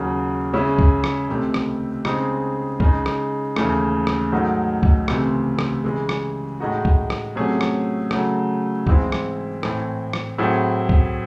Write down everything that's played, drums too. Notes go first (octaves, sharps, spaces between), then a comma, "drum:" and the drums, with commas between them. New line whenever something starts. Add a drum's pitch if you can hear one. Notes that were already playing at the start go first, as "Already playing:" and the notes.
Already playing: D#2 C#3 F#3
C#3 G#3 C#4 E4
drum: kick
drum: rim click
C#2 C3 D#3 A3
drum: rim click
C#3 G#3 C4 D#4 G#4, drum: rim click
C#3 G#3 D#4, drum: kick
drum: rim click
D#2 C#3 E3 A3, drum: rim click
drum: rim click
G#2 D#3 F#3 A3 D#4
drum: kick
C#2 C3 E3 A3, drum: rim click
drum: rim click
C#3 E3 G#3
drum: rim click
A2 G#3 D#4 F#4
drum: kick
drum: rim click
C3 F#3 A3 C#4 G#4
drum: rim click
C#3 F#3 A3, drum: rim click
G#2 E3 G#3 C4 E4, drum: kick
drum: rim click
A2 E3 C4, drum: rim click
drum: rim click
A2 F#3 C4 E4 G#4
drum: kick